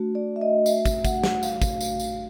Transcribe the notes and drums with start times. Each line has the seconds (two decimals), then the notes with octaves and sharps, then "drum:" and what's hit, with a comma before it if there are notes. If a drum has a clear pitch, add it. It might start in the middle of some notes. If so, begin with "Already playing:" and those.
Already playing: A3 D4 F#4
0.15 D5
0.36 E5
0.41 D#5
0.66 E5, drum: tambourine
0.85 drum: kick, tambourine
1.05 F#5, drum: kick, tambourine
1.24 drum: snare
1.43 F5, drum: tambourine
1.62 drum: kick, tambourine
1.81 drum: tambourine
2.00 drum: tambourine